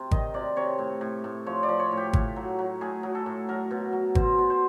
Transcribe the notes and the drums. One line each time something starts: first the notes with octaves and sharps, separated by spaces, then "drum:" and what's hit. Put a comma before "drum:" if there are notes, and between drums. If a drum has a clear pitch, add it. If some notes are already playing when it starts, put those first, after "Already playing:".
Already playing: C3
D#3 D#5, drum: kick G#1
C3 D5
C3 C#5
A2
A2
A2
F3 C#5
D5
F3
C#5
A2
G4
A2, drum: kick G#1
F#3
F#3
A2 G#4
F#3
A4
A2
F#3 A#4
B2
F#3
B2 C5, drum: kick G#1
B2
C5